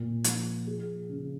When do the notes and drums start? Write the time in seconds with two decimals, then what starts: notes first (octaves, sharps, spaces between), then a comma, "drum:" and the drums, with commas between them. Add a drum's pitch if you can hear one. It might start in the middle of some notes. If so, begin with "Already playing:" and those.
Already playing: A#2
0.24 F3, drum: hi-hat
0.67 G#4
1.09 C#3